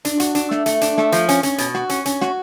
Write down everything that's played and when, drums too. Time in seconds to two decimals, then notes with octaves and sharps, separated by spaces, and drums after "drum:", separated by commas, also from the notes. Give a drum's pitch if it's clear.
0.05 D4, drum: hi-hat
0.20 F#4, drum: hi-hat
0.35 D4, drum: hi-hat
0.51 A3, drum: snare
0.66 A3, drum: hi-hat
0.81 D4, drum: hi-hat
0.98 A3, drum: snare
1.12 F3, drum: hi-hat
1.29 C#4, drum: hi-hat
1.43 C#4, drum: hi-hat
1.58 B2, drum: hi-hat
1.75 F#4, drum: snare
1.89 C#4, drum: hi-hat
2.05 C#4, drum: hi-hat
2.21 F#4, drum: snare